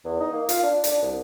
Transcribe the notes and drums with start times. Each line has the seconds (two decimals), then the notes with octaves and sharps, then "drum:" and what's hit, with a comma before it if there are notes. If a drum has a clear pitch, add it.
0.05 E2
0.20 D#4
0.33 A#3
0.49 F4, drum: hi-hat
0.63 D4
0.84 D4, drum: hi-hat
1.02 C2